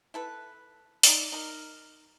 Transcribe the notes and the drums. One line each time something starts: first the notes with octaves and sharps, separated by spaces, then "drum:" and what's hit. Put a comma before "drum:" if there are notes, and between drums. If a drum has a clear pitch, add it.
E4 A4 B4
D#4 D5, drum: open hi-hat
D#4 A#4